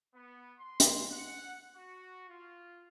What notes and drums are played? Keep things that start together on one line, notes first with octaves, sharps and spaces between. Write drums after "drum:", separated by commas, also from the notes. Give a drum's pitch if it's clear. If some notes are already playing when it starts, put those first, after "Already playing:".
B3
C6
drum: hi-hat
F#5
F#4
F4